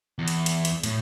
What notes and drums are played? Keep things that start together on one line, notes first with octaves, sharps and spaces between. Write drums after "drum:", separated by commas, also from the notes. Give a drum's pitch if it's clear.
E2
drum: hi-hat
drum: hi-hat
drum: hi-hat
A2, drum: hi-hat